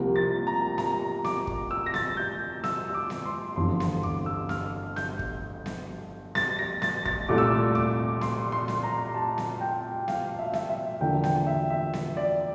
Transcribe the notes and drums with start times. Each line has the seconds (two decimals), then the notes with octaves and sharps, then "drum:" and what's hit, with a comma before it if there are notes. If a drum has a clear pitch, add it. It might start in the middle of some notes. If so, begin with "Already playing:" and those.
Already playing: C2 C3 F3 A#3
0.16 A6
0.47 A#5
0.78 A#5, drum: snare B3
1.24 D6, drum: snare B3
1.47 drum: kick
1.71 E6
1.86 A#6
1.94 A6, drum: snare B3
2.17 G6
2.64 E6, drum: snare B3
2.89 E6
2.94 D6
3.10 drum: snare B3
3.25 C6
3.56 G1 F2 E3 C6
3.80 C6, drum: snare B3
4.03 D6, drum: tom D2
4.26 E6
4.49 F6, drum: snare B3
4.96 G6, drum: snare B3
5.19 drum: kick
5.66 drum: snare B3
6.35 A6, drum: snare B3
6.59 A#6
6.82 A6, drum: snare B3
7.06 A6, drum: kick
7.28 C2 A#2 A3 D6
7.38 E6
7.47 D6
7.75 D6, drum: tom D2
8.21 C6, drum: snare B3
8.52 C6
8.68 drum: snare B3
8.83 A#5
9.14 A5
9.38 drum: snare B3
9.61 G5
10.08 F5, drum: snare B3
10.39 E5
10.46 F5
10.53 E5, drum: snare B3
10.69 E5
11.00 E2 D3 F3 A#3 G5
11.24 G5, drum: snare B3
11.47 E5
11.70 E5
11.93 drum: snare B3
12.17 D5